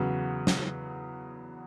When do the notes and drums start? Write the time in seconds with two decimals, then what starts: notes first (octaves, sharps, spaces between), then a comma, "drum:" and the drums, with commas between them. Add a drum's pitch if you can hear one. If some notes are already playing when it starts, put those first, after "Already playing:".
Already playing: E2 C#3 F#3 B3
0.47 drum: snare